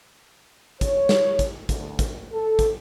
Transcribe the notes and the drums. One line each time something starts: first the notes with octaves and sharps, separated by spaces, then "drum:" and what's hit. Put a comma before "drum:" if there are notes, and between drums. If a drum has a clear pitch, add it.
C#5, drum: kick, hi-hat
drum: snare
drum: kick, hi-hat
D2, drum: kick, hi-hat
drum: kick, hi-hat
A4
drum: kick, hi-hat